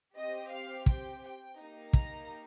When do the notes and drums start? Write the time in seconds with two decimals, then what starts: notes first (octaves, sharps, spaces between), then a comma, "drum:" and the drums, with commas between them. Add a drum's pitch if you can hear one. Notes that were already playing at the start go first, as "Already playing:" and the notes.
0.15 C4 G4 D#5
0.51 F5
0.86 G5, drum: kick
1.23 G5
1.58 A#3 D#4 G4
1.93 A#5, drum: kick